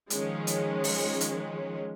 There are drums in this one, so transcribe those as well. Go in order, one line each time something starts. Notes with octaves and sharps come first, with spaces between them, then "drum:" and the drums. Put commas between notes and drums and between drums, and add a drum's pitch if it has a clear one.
D#3 F3 G#3 C#4, drum: hi-hat
drum: hi-hat
drum: open hi-hat
drum: hi-hat